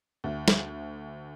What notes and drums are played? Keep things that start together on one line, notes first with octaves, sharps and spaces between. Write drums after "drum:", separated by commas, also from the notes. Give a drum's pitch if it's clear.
D2
drum: snare